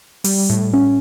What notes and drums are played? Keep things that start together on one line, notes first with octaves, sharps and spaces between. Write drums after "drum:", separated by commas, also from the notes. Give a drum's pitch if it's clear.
G3, drum: open hi-hat
A2
C#4